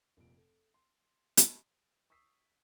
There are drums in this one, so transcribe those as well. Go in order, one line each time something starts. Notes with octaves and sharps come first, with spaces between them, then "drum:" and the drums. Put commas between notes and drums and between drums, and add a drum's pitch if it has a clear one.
F1 A#2 F3 D7
A4
C6
drum: hi-hat
C#6 D#6 E6 B6 C7